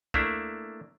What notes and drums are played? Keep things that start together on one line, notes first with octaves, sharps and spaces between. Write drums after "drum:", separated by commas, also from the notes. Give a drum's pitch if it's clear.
A3 A#3 D4 E4, drum: kick